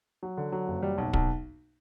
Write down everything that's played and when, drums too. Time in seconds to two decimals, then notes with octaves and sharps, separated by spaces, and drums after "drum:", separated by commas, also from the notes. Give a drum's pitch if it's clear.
0.23 F#3
0.37 D3
0.52 F#3
0.68 F#1
0.82 G3
0.98 B1
1.13 B1, drum: kick